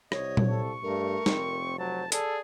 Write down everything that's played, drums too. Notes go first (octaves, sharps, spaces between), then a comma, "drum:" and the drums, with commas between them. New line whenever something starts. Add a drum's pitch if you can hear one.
C2 C#5 D#5, drum: rim click
drum: tom A#2
A4 C#6
G2 A3 A#4
F1 C4, drum: snare
F#3 C5 A5
G#4 A4 D5, drum: hi-hat